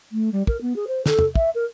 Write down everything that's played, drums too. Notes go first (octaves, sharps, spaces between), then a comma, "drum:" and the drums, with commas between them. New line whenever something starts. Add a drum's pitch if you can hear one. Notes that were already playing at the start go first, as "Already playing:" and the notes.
A3
G3
A#4, drum: kick
B3
G#4
C5
A4, drum: snare
drum: tom
E5, drum: kick
A#4